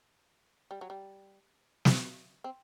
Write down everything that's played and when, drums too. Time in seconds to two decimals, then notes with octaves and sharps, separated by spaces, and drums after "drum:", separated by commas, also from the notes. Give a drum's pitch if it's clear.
0.71 G3
0.81 F#3
0.90 G3
1.85 drum: snare
2.44 C4